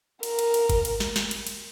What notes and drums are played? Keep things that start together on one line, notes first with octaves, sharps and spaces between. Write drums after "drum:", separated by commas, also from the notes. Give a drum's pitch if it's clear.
A#4, drum: cymbal
drum: cymbal
drum: cymbal
drum: kick G1, cymbal
drum: cymbal
drum: snare
drum: snare
drum: cymbal
drum: cymbal